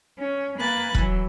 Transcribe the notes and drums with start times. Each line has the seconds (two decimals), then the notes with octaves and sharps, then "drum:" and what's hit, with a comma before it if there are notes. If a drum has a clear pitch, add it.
0.18 C#4
0.58 A#3 B4 G#5 F#6 A6
0.95 E3 F#3, drum: kick E1